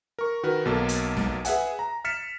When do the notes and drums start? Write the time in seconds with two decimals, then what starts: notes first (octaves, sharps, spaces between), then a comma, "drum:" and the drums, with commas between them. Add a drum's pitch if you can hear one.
0.19 A#4 C#6
0.43 D#3 F#4 A#4 B4
0.65 B1 B2 A#3 A4
0.89 drum: hi-hat
1.17 drum: snare
1.45 G#4 B4 E5 F#5 G#5, drum: hi-hat
1.79 A#5
2.05 F6 A6 B6 C#7 E7